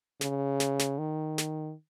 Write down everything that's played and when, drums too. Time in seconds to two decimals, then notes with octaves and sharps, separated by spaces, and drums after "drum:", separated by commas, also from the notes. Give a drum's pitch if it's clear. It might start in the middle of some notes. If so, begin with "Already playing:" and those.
0.21 C#3, drum: snare
0.60 drum: snare
0.79 drum: snare
0.99 D#3
1.38 drum: snare